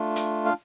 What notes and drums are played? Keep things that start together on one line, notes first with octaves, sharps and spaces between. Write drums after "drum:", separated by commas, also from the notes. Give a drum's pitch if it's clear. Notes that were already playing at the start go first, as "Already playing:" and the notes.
Already playing: A3 D4 F4
drum: hi-hat
F5